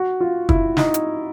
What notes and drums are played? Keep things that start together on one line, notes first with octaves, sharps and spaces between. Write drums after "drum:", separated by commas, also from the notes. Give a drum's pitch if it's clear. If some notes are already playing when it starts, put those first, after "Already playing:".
Already playing: F#4
F4
E4, drum: kick
D#4, drum: snare
drum: hi-hat